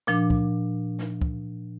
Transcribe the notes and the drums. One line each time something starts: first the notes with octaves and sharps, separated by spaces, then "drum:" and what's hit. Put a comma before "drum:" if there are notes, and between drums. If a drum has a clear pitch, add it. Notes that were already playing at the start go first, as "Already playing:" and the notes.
A#2 F3 D4, drum: snare
drum: kick
drum: snare
drum: kick